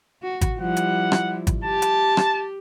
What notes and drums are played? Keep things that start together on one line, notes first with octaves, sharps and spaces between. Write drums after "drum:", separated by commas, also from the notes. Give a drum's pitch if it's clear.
F#4
drum: kick G#1, hi-hat
F3 G3 E4 F#5
drum: hi-hat
drum: rim click
drum: kick G#1, hi-hat
G4 A5
drum: hi-hat
drum: rim click